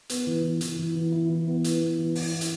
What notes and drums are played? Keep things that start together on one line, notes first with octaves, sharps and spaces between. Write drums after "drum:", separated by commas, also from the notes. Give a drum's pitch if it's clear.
B3, drum: hi-hat
E3
E3
E3, drum: hi-hat
E3
E3
E4
E3
B3
E4, drum: hi-hat
B3
E3
E4, drum: open hi-hat
E4
drum: hi-hat